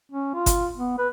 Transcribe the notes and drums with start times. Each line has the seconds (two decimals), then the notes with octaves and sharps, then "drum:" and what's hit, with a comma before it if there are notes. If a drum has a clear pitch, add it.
0.12 C#4
0.34 F4
0.46 drum: kick G1, hi-hat
0.77 B3
0.99 B4